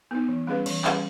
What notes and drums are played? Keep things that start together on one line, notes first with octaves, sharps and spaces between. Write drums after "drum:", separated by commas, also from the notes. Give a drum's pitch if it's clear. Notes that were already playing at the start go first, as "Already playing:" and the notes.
B3 D#4
E3
G3 C#4 G#4 B4
E3, drum: cymbal
G3 C#4 G#4 B4, drum: clap